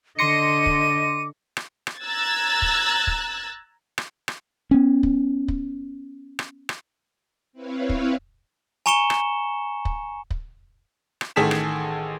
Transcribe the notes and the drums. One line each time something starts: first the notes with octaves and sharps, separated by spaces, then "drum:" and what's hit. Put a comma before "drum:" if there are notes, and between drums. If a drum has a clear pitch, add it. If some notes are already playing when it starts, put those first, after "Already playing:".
D3 D#5 C6 D6 A#6 C#7 D#7
drum: kick
drum: rim click
drum: rim click
A#5 E6 F#6 G#6 A6
drum: kick
drum: kick
drum: rim click
drum: rim click
B3 C#4
drum: kick
drum: kick
drum: rim click
drum: rim click
C4 E4 B4 C#5 F5
drum: kick
G#5 A#5 C#6 C#7 E7 G7
drum: rim click
drum: kick
drum: kick
drum: rim click
A1 D#3 G#4 A4 B6 E7
drum: rim click